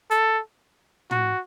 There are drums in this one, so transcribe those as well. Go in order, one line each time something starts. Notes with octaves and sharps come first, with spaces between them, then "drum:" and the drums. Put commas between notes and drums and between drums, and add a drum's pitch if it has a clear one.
A4, drum: hi-hat
F#4, drum: tom